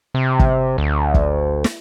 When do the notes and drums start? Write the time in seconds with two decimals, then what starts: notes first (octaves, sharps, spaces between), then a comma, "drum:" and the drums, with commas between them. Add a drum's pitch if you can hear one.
0.14 C3
0.39 drum: kick
0.78 D2
1.14 drum: kick
1.64 drum: snare